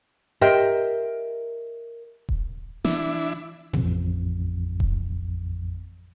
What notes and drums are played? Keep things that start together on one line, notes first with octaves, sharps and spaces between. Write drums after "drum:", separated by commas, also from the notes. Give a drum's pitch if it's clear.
G4 A#4 D#5 E5 G5 C6
drum: kick D#1
E3 D4 E4, drum: snare
A1 F2, drum: tom A#2
drum: kick D#1